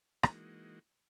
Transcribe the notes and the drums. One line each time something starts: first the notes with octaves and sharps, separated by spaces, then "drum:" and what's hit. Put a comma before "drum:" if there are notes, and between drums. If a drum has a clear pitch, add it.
E3 G#3 A#3 D#4 F#4, drum: rim click